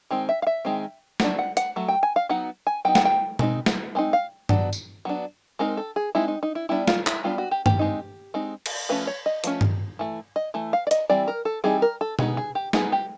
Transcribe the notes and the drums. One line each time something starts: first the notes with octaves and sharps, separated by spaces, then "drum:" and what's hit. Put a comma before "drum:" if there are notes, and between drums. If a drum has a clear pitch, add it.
D#3 G#3 C4
E5
F5
E5
D#3 G#3 C4
F#3 A3 D4, drum: snare
F#5
F#5, drum: hi-hat
F#3 A3
G5
G#5
F5
F#3 B3 D#4 F#5
G#5
F#3 B3 D#4 G5
F#5, drum: snare
G5
G#3 C4 D#4, drum: tom B2
drum: snare
G#3 C4 D#4
F5
F#3 B3 D4, drum: tom G2
drum: tambourine
F#3 B3 D4
G#3 C4 D#4 A#4
A4
G#4
G#3 C4 D#4 E4
D#4
D#4
E4
G3 B3 D4 E4
F4, drum: snare
E4, drum: clap
G3 B3 D4 F4
F#4
G4
G4, drum: tom G2
G#3 C4 D#4
G#3 C4 D#4
drum: cymbal
F3 A3 C#4 B4
C#5
D#5
F3 A3 C#4, drum: hi-hat
drum: tom G2
E3 A3
D#5
E3 A3
F5
D5
D#5, drum: hi-hat
E3 G3 C4 D5
A#4
A4
E3 G3 C4 D#4 G#4
A#4
A4
G#3 B3 D#4 G#4, drum: tom B2
G#4
G4
G#3 B3 D#4 G#4, drum: snare
G4